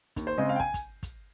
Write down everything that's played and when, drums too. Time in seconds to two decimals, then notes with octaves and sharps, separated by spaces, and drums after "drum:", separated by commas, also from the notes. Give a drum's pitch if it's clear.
0.16 D#2, drum: kick, hi-hat
0.27 C5
0.38 C#3 G#3 C4 D#5
0.49 F5
0.56 G5
0.60 G#5, drum: kick
0.74 drum: kick, hi-hat
1.03 drum: kick, hi-hat